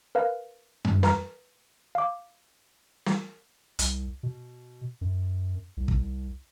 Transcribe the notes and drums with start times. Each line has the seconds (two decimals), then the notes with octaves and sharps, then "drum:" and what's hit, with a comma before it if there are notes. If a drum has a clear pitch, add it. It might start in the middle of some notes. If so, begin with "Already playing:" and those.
0.15 A#4 B4 F5
0.85 drum: tom F#2
1.03 B4 A#5 F6, drum: snare
1.95 F5 D6
3.06 drum: snare
3.79 C2, drum: hi-hat
4.23 B2
5.01 F#2
5.77 C2
5.88 drum: kick